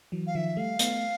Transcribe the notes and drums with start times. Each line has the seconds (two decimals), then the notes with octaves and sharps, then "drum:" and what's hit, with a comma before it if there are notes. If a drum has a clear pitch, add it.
0.12 E3 F#3
0.26 F5
0.35 D#3 F3 E5
0.57 G3 A3 F5
0.79 A3 B3, drum: hi-hat